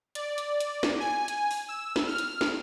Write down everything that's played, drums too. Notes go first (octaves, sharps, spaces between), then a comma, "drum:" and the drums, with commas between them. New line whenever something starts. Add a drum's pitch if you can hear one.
D5, drum: hi-hat
drum: hi-hat
drum: hi-hat
drum: snare
G#5
drum: hi-hat
drum: open hi-hat
E6
drum: snare
F6
drum: hi-hat
drum: snare